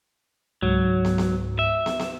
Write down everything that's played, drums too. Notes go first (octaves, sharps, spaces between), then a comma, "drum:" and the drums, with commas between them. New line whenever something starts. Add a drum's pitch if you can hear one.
C#2 G#2 F#3
drum: snare
drum: snare
E5
drum: snare
drum: snare